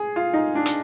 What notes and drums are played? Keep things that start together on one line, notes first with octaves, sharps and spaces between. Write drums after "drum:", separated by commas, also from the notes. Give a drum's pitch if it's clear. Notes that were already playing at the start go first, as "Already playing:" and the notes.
Already playing: G#4
F4
D#4
D4
drum: hi-hat